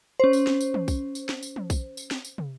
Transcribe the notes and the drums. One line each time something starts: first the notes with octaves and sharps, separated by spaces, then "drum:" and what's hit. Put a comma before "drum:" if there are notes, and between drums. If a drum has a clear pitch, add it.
C#4 C5
drum: tambourine
drum: snare
drum: tambourine
drum: tom
drum: kick B1, tambourine
drum: tambourine
drum: snare
drum: tambourine
drum: tom
drum: kick B1, tambourine
drum: tambourine
drum: snare
drum: tambourine
drum: tom